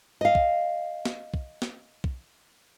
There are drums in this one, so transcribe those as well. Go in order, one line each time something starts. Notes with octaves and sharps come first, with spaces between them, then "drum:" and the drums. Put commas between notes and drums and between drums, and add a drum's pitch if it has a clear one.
D#5 F5
drum: kick
drum: snare
drum: kick
drum: snare
drum: kick